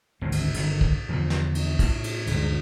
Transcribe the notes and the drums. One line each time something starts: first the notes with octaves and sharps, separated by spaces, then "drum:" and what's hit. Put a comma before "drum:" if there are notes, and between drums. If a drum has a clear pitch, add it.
G#1 D2 G2 C4
drum: cymbal
G1 D#3, drum: cymbal
drum: kick
E2 D3 F3
drum: snare
drum: cymbal
A2, drum: kick, cymbal
drum: cymbal
D2 G2 G#3, drum: cymbal